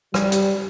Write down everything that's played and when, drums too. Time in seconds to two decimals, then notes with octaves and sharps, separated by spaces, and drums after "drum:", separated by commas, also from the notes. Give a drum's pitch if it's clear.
0.14 G3, drum: rim click
0.32 drum: hi-hat